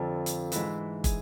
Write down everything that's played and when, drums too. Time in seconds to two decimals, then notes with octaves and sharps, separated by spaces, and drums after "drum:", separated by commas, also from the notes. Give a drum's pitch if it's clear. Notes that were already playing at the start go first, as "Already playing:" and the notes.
Already playing: F2 D3 F3 A4
0.26 drum: hi-hat
0.52 G#2 E3 E4, drum: hi-hat
1.04 G#4, drum: kick, hi-hat